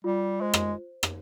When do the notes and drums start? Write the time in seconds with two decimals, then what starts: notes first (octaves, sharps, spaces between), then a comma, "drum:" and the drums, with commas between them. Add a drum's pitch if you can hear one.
0.04 G3 F4
0.41 G#3 C5
0.54 drum: rim click
1.03 drum: rim click